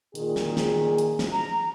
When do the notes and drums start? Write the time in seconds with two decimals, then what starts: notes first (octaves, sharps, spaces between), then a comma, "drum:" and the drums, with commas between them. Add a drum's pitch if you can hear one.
0.15 A#2 D#3 G#4, drum: hi-hat
0.36 drum: snare
0.57 drum: snare
0.98 drum: hi-hat
1.19 drum: snare
1.32 A#5